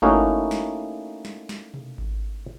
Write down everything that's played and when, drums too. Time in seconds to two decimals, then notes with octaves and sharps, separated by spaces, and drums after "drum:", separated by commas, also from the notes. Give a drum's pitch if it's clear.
0.02 A3 A#3 C#4 D#4 E4 F#4, drum: kick G#1
0.51 drum: snare
1.25 drum: snare
1.49 drum: snare
1.74 drum: tom B2
1.98 drum: kick G#1